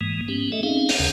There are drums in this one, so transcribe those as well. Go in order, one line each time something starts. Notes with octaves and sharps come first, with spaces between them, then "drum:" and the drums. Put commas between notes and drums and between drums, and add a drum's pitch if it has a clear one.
G#2 E3 G#3 A#3
B3 C#4 G4
A3 A4 D#5 E5
C4 C#4 D#4 G#4 F5
drum: open hi-hat
D#2 C#3